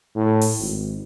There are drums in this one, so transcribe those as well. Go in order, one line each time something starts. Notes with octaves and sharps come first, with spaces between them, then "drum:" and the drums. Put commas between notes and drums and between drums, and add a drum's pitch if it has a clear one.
A2
drum: open hi-hat
G#1